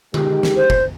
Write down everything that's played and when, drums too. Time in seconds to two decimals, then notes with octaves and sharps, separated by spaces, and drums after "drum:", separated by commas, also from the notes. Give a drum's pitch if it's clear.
0.14 D#3 G#3 G4, drum: tom D3
0.43 drum: snare
0.57 C5
0.70 drum: kick